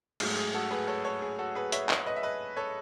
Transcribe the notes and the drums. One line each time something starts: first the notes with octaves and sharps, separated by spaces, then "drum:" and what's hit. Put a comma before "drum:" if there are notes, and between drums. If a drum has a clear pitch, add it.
G#2 F#3 A3 G#4, drum: cymbal
G#4
F#4 A4
G#4 B4
A4 C#5
A4 C#5
G#4
F#4 A4
G#4 B4
C#5 E5, drum: hi-hat
C#5 E5, drum: clap
B4 D#5
E5
B4 D#5
A4 C#5